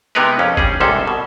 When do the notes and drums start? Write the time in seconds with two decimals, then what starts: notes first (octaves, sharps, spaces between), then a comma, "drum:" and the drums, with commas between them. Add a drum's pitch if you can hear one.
0.15 C3 G#3 B3 D#4 A#4 B4
0.39 F2 C#4
0.57 G3 C#4 G#4, drum: kick G1
0.80 C2 G#2 C3 C#4 A4 C5
1.07 B2